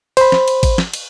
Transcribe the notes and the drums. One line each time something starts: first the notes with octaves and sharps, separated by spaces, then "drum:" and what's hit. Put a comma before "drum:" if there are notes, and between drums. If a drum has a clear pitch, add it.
C5 B5, drum: cymbal
drum: snare
drum: cymbal
drum: kick, cymbal
drum: snare
drum: cymbal